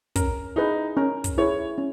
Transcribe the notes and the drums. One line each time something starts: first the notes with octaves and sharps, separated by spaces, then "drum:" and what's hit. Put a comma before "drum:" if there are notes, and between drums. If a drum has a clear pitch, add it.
C#4 A#4, drum: kick, hi-hat
D#4 E4 G#4 B4
C#4 A#4
drum: kick, hi-hat
E4 G#4 B4 C#5
C#4